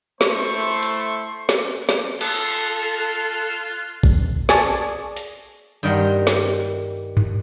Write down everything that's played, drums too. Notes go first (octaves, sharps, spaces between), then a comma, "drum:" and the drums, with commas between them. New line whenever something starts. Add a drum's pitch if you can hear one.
A3 E4 C5 C6 C#6, drum: snare
drum: hi-hat
drum: snare
drum: snare
F4 A4 F#6, drum: cymbal
drum: kick
G#4 D5 G#5 A5 C#6, drum: snare
drum: hi-hat
G2 D#3 G3 A#4 F#5 C6
drum: snare
drum: tom G2